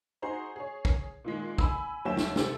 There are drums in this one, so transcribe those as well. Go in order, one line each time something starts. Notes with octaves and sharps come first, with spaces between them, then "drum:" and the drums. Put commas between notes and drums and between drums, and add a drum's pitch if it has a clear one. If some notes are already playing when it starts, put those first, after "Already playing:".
D#4 F#4 G#4 C5 A#5
G#4 C#5
drum: kick
A#2 D#3 G#3
G#5 B5 E6, drum: kick
D#2 F#3 E5 G5 E7
drum: snare
C3 F3 C4 G4 A4, drum: snare